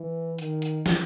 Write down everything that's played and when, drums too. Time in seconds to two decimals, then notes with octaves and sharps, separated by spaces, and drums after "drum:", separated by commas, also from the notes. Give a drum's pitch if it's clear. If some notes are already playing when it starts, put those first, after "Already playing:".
Already playing: E3
0.39 D#3, drum: hi-hat
0.62 drum: hi-hat
0.86 drum: snare